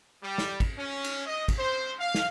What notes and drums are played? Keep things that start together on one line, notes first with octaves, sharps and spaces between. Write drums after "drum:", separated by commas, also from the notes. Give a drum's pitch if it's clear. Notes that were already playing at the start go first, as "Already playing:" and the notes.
G3
drum: snare
drum: kick, cymbal
C#4
drum: cymbal
D#5
drum: kick, cymbal
C5
F5
drum: snare